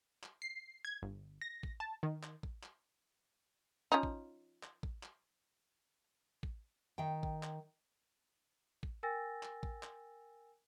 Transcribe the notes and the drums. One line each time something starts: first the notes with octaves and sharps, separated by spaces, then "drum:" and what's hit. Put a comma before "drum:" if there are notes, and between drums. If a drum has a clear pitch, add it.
drum: clap
C7
G#6
G1
A#6
drum: kick
A5
D#3
drum: clap
drum: kick
drum: clap
F3 C#4 D#4
drum: kick
drum: clap
drum: kick
drum: clap
drum: kick
D#3 G5
drum: kick
drum: clap
drum: kick
A#4 G5 G#5 E6 A6 A#6
drum: clap
drum: kick
drum: clap